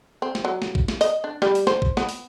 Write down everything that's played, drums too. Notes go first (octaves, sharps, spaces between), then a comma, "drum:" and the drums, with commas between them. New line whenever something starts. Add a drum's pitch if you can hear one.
C4
drum: snare
F#3
drum: snare
drum: kick
drum: snare
D#5, drum: open hi-hat
D4
G3, drum: snare
drum: open hi-hat
C5, drum: snare
drum: kick
B3, drum: snare
drum: open hi-hat